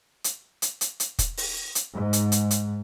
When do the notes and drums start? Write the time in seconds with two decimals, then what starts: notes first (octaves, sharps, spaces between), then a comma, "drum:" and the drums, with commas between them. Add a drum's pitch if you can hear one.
0.24 drum: hi-hat
0.62 drum: hi-hat
0.81 drum: hi-hat
1.00 drum: hi-hat
1.19 drum: kick, hi-hat
1.37 drum: open hi-hat
1.75 drum: hi-hat
1.94 G#2
2.13 drum: hi-hat
2.32 drum: hi-hat
2.51 drum: hi-hat